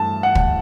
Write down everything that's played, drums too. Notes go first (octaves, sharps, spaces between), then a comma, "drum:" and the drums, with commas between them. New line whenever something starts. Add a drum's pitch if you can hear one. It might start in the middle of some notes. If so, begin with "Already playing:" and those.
Already playing: G2 E3 A3 A5
F#5
drum: kick